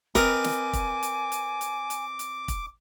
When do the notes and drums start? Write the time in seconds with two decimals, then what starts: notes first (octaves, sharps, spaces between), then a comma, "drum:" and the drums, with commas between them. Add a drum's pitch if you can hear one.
0.15 C4 A#4 B4 D#5 G#5 D6, drum: kick, hi-hat
0.44 drum: snare
0.73 drum: kick, hi-hat
1.03 drum: hi-hat
1.32 drum: hi-hat
1.61 drum: hi-hat
1.90 drum: hi-hat
2.19 drum: hi-hat
2.48 drum: kick, hi-hat